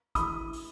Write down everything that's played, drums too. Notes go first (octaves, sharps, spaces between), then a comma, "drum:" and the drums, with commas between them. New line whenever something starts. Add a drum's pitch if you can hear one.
E3 B5 D#6, drum: kick G#1, hi-hat
drum: open hi-hat